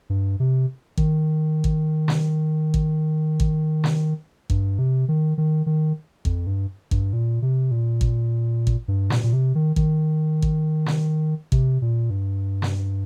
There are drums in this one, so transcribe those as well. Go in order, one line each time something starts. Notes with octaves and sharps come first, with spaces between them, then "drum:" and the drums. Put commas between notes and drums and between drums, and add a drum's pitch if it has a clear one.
G2
C3
D#3, drum: kick
drum: kick
drum: snare
drum: kick
drum: kick
drum: snare
G2, drum: kick
C3
D#3
D#3
D#3
F2, drum: kick
G2
G2, drum: kick
A#2
C3
A#2
drum: kick
drum: kick
G2
A#2, drum: snare
A#2
C3
D#3
D#3, drum: kick
drum: kick
drum: snare
C3, drum: kick
A#2
G2
drum: snare